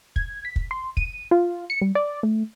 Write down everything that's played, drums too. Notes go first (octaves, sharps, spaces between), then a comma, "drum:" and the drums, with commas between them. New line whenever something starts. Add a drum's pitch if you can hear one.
G#6, drum: kick
B6
drum: kick
C6
D#7, drum: kick
F4
C#7
G3
D5
A3